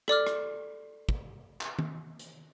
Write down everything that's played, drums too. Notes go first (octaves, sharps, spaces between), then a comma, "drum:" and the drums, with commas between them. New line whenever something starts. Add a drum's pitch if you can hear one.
A4 D5 D6 F6, drum: rim click
drum: rim click
drum: kick
drum: clap
drum: tom
drum: hi-hat